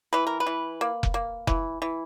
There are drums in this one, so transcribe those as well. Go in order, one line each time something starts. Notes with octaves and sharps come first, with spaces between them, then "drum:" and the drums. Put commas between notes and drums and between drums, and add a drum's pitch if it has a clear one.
E3 B4
A#4
B4
E3
A#3
drum: kick F1
A#3
E3, drum: kick F1
E3